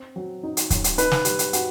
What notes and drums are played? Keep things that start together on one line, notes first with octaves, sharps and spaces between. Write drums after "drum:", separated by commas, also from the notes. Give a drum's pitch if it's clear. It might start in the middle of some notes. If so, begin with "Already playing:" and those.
Already playing: C4
F#3
D#4
drum: hi-hat
F#2, drum: kick, hi-hat
drum: hi-hat
D#4 B4, drum: hi-hat
drum: snare
G3, drum: hi-hat
drum: hi-hat
F#4, drum: hi-hat